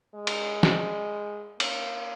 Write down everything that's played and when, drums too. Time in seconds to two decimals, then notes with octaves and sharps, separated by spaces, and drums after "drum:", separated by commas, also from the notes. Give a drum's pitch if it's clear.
0.15 G#3
0.27 drum: cymbal
0.63 drum: snare
1.60 A#3, drum: cymbal